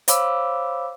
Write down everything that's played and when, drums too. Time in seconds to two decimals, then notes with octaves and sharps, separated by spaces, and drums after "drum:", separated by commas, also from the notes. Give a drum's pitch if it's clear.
0.08 C5 C#5 F5 B5 D6 E6, drum: hi-hat